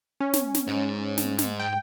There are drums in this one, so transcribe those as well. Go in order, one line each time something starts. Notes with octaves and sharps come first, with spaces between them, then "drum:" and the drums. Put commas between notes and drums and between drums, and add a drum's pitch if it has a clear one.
C#4
drum: snare
drum: snare
G#2 D#4
drum: snare
drum: snare
G5